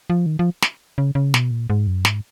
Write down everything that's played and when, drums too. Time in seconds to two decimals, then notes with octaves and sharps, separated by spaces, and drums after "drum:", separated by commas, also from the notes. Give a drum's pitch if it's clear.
0.10 F3
0.26 D#3
0.39 F3
0.62 drum: snare
0.98 C#3
1.15 C#3
1.34 B2, drum: snare
1.51 A#2
1.70 G#2
1.87 F#2
2.05 G#2, drum: snare